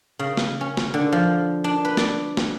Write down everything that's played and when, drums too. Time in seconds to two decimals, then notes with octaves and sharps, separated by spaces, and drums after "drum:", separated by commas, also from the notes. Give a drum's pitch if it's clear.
0.19 C#3
0.37 drum: snare
0.61 C#4
0.77 drum: snare
0.94 D3
1.12 F3
1.64 D4
1.85 B4
1.97 D5, drum: snare
2.37 drum: snare